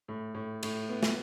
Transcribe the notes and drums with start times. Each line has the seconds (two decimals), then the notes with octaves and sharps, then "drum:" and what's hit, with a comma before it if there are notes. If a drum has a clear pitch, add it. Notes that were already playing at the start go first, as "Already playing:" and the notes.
0.08 A2
0.35 A2
0.63 A2, drum: cymbal
0.89 B3
1.03 drum: snare